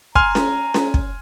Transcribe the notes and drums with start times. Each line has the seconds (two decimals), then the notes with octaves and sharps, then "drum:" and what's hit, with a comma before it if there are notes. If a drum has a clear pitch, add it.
0.15 G#5 A#5 C6 F6, drum: kick
0.35 drum: snare C#4
0.74 drum: snare C#4
0.94 drum: kick